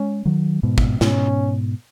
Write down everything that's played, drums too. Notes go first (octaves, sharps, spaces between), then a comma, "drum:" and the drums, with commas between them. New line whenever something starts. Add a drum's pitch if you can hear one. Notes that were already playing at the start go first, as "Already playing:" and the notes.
Already playing: G#3 C#4
D#3 F#3
G#2 B2
drum: kick
G#2 B2 C#4, drum: snare